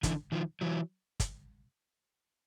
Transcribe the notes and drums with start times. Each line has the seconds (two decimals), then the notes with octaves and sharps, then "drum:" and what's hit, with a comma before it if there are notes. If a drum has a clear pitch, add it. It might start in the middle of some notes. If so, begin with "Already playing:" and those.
0.03 D3 E3, drum: kick, hi-hat
0.32 D#3 F3
0.61 E3 F#3
1.20 drum: kick, hi-hat